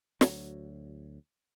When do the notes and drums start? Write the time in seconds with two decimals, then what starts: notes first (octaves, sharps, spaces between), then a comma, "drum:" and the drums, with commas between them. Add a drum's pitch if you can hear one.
0.21 D2 F#3, drum: snare